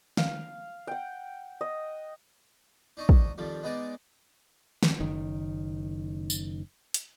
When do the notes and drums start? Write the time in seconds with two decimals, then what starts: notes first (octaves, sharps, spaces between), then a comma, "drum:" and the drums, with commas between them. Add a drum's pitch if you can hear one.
0.17 F5, drum: snare
0.87 F#5 G5
1.61 D#5
2.97 D4 D#4 C#5 D#5
3.09 drum: kick
3.38 F2 D#3 F3 G3
3.63 G#3 B3 D#4 G#4 D5
4.83 drum: snare
5.00 F#1 D#3
6.30 drum: tambourine
6.94 drum: hi-hat